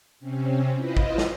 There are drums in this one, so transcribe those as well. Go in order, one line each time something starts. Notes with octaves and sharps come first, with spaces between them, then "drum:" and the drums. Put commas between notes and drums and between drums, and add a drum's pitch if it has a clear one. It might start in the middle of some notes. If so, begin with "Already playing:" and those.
C3 C4 C#4
E4 F4 B4 C5 D#5
drum: kick G#1
drum: snare